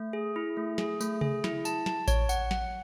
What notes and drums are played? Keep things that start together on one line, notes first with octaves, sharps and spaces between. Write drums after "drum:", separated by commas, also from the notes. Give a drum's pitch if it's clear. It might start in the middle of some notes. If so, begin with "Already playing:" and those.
Already playing: A3
G#4
E4
A3
G#4, drum: snare
A3, drum: tambourine
G#4, drum: tom C3
E4, drum: snare
A5, drum: tambourine
A5, drum: snare
C#5, drum: kick A1, tambourine
F#5, drum: tambourine
F#5, drum: snare